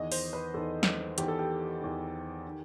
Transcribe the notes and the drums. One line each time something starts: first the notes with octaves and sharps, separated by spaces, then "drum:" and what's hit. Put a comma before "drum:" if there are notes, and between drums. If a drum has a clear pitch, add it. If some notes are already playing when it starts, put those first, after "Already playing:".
Already playing: E2 D#3 D#5
C5, drum: open hi-hat
B4
E2 D#3 A4
drum: snare
E2 D#3 G4, drum: hi-hat
A4
G4
E2 D#3
D#3